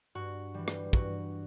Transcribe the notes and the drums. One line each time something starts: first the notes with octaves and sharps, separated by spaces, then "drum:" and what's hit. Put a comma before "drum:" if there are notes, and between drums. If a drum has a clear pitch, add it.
G2 F#4
E3 G3
drum: rim click
G2 F#4, drum: kick